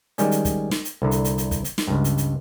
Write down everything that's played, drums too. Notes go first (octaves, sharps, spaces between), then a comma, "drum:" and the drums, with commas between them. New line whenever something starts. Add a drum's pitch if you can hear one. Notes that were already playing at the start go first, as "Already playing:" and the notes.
D#3 G3 G#3 C#4, drum: hi-hat
drum: hi-hat
drum: kick, hi-hat
drum: snare
drum: hi-hat
C2 D3
drum: hi-hat
drum: hi-hat
drum: hi-hat
drum: kick, hi-hat
drum: hi-hat
drum: snare
C#2 G2
drum: hi-hat
drum: hi-hat